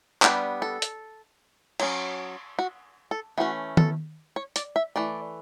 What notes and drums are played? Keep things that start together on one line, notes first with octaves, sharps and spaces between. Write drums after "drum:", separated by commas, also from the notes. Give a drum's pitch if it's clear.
G3 B3 D4 G4, drum: clap
A4
drum: hi-hat
F#3 C#4, drum: cymbal
F#4
A4
E3 A3 C#4 F#4
A4, drum: tom D#3
C#5
D5, drum: hi-hat
E5
E3 A3 D5